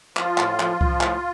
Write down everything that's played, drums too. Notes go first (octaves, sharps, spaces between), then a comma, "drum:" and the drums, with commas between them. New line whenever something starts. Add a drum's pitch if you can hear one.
F3 F4, drum: clap
A2, drum: clap
F3, drum: clap
F3, drum: kick C2
A2, drum: clap